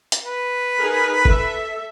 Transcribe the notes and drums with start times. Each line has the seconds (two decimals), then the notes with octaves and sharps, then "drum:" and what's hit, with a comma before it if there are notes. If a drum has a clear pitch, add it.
0.12 drum: hi-hat
0.24 B4
0.79 D#4 G#4 A#4
1.25 A4 E5, drum: kick